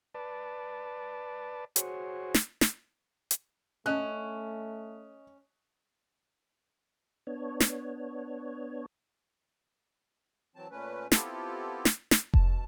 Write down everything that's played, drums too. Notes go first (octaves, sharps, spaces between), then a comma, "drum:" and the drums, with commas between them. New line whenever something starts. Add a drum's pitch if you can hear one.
B4 D5 A5
F#4 G#4 C5 C#5, drum: hi-hat
drum: snare
drum: snare
drum: hi-hat
A3 C#4 D#5 F#6
B3 D4 C#5
drum: snare
E3 F#3 C4 A5
A#2 A3 C#4 B4
B3 C4 E4 F4 G4 A4, drum: snare
drum: snare
drum: snare
B2 A5, drum: kick F1